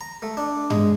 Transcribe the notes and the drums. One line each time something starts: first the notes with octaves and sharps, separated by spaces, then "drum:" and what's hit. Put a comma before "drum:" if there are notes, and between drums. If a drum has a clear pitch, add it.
A#5
A3
D4
G#3, drum: tom G2